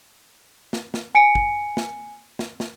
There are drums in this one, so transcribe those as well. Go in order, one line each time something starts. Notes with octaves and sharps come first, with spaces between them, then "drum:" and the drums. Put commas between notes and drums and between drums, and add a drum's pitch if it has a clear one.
drum: snare
drum: snare
G#5 C#7 D7
drum: kick
drum: snare
drum: snare
drum: snare